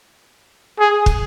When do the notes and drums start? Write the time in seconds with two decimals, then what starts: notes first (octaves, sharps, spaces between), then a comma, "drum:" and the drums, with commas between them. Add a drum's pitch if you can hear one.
0.80 G#4
1.06 drum: kick